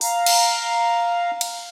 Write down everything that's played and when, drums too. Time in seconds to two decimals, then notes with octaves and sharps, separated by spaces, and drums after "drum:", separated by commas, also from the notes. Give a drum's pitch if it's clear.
0.01 F5 A#5, drum: open hi-hat
0.26 drum: cymbal
1.41 drum: cymbal